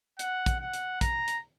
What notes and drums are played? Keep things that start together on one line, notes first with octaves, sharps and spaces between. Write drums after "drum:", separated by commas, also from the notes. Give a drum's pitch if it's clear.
F#5, drum: hi-hat
drum: kick, hi-hat
F#5
drum: hi-hat
A#5, drum: kick, hi-hat
drum: hi-hat